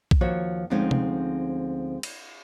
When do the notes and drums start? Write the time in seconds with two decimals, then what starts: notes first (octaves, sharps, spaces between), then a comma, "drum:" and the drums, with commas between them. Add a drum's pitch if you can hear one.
0.11 drum: kick B1
0.21 D#2 F3 F#4 C5 C#5
0.70 D2 F3 G#3 C4 C#4 D#4
0.91 drum: tom C3
2.03 drum: cymbal